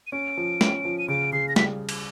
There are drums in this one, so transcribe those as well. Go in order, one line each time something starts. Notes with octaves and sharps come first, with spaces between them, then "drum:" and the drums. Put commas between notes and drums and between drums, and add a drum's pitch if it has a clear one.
D#7
C#4 D7
F3
C#4, drum: snare
F3
D#7
C#3 D7
C#3 C7
A#6
G3 B6, drum: snare
drum: cymbal